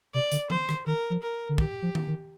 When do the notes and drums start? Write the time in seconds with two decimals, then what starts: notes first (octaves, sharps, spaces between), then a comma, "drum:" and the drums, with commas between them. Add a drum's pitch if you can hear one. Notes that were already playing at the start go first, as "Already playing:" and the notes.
0.14 C3 D5
0.32 D3, drum: hi-hat
0.50 F3 C5, drum: tom D#3
0.69 D#3, drum: rim click
0.86 D#3 A#4
1.10 F3
1.22 A#4
1.49 D3
1.58 D#3 G4, drum: kick
1.82 F3
1.95 drum: tom D#3
2.07 D#3